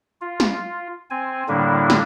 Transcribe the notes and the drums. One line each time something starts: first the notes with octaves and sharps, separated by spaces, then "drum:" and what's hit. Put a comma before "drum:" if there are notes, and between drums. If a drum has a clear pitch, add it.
F4
drum: snare
C4 G#5
A2 D3 G3 A#3 D4 E4
drum: snare